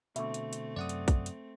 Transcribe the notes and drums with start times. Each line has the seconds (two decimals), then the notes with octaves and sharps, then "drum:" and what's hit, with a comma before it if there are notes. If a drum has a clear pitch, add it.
0.16 B2 D3 A3 C4 E5 C#6, drum: hi-hat
0.34 drum: hi-hat
0.53 drum: hi-hat
0.76 F#2 C3 F#3 D5 F#5 D#6
0.89 drum: hi-hat
1.08 drum: kick, hi-hat
1.26 drum: hi-hat